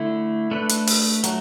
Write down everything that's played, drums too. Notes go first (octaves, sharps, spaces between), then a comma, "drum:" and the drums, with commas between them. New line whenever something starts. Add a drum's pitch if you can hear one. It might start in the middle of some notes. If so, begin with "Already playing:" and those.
Already playing: D3 A3 E4
A3 D4 B4
drum: hi-hat
drum: open hi-hat
F#3 A3, drum: hi-hat